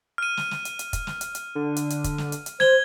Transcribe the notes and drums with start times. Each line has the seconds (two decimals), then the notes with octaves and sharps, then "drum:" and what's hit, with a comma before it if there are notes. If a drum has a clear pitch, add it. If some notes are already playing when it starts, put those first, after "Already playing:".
0.18 F6 D#7
0.37 drum: snare
0.51 drum: snare
0.65 drum: hi-hat
0.79 drum: hi-hat
0.93 drum: kick, hi-hat
1.07 drum: snare
1.21 drum: hi-hat
1.35 drum: hi-hat
1.55 D3
1.76 drum: hi-hat
1.90 drum: hi-hat
2.04 drum: kick, hi-hat
2.18 drum: snare
2.32 drum: hi-hat
2.46 drum: hi-hat
2.60 C5 G#6 G7, drum: snare